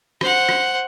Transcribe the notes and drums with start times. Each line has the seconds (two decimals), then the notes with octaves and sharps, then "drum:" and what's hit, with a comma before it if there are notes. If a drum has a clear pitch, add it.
0.21 C5 F#5, drum: rim click
0.49 drum: rim click